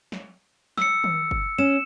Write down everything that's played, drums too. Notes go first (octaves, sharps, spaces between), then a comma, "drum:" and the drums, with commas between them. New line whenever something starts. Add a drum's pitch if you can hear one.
drum: snare
E6 C#7, drum: snare
drum: tom D#3
drum: kick F#1
C#4 E7